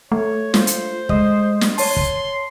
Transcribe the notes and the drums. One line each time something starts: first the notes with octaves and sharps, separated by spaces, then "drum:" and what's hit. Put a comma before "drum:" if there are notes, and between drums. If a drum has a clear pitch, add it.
A3 C#5
F4 C5, drum: snare
drum: hi-hat
G#3 D#5 D#6, drum: kick
drum: snare
C#5 A5 C6, drum: open hi-hat
drum: kick